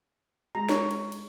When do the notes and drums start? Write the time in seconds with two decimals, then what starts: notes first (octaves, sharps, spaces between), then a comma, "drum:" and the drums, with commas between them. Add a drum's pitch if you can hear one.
0.55 G#3 A#5
0.69 C#5, drum: snare
0.91 drum: cymbal
1.12 drum: cymbal